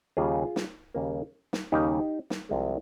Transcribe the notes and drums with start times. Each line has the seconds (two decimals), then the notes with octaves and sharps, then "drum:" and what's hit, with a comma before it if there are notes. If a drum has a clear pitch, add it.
0.17 D#2 C#3 G3 A#3 F4 G#4
0.56 drum: snare
0.94 D#2 C#3 G3 A#3
1.53 drum: snare
1.72 D#2 C#3 G3 A#3 D#4 G4
2.30 drum: snare
2.49 C2 C3 F3 G#3